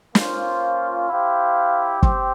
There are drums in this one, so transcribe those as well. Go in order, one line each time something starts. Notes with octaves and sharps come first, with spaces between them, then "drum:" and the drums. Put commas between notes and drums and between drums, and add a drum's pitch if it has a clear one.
A#3 C#4 F4 C5, drum: snare
E4 G4 C5 F5
C4 G4, drum: kick